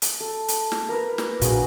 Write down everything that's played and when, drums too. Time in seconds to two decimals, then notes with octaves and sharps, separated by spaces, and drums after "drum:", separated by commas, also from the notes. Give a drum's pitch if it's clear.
0.02 drum: hi-hat
0.20 A4
0.48 drum: hi-hat
0.72 drum: snare
0.89 A#4 B4
1.18 drum: snare
1.41 A#2 D4 F#4 G#4, drum: hi-hat